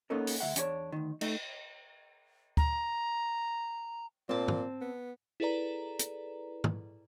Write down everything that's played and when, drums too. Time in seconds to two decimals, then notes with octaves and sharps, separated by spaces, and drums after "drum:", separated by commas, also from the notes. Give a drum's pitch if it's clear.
0.10 A#3 B3 C#4 D#4 A4 A#4
0.27 drum: open hi-hat
0.40 D2 F#3 E5 F#5
0.56 E2 D4 F#4 C#5, drum: hi-hat
0.92 D2 D#3
1.21 A3 D#4, drum: cymbal
2.57 A#5, drum: kick D2
4.29 A#2 C4 A5
4.48 drum: tom
4.81 B3
5.40 E4 G#4 A4 B4 D5 A#5
5.99 drum: hi-hat
6.64 drum: tom